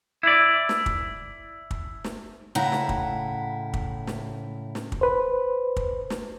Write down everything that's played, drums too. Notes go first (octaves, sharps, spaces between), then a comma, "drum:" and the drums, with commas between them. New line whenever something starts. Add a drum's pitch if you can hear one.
E4 D5
drum: snare
drum: kick
drum: kick
drum: snare
A2 C#3 E4 F#5 A#5
drum: snare
drum: kick
drum: kick
drum: snare
drum: snare
drum: kick
B4 C5
drum: kick
drum: snare